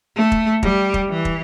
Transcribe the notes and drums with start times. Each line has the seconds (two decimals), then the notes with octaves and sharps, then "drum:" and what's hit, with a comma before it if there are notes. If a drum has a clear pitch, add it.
0.16 A3
0.32 drum: kick
0.63 G3, drum: kick
0.94 drum: kick
1.09 E3
1.25 drum: kick